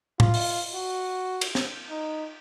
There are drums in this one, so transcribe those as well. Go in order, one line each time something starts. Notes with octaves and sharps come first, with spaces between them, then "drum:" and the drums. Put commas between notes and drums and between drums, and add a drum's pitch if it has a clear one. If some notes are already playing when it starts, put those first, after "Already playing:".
F4, drum: tom
drum: open hi-hat
F#4
drum: cymbal
drum: snare
D#4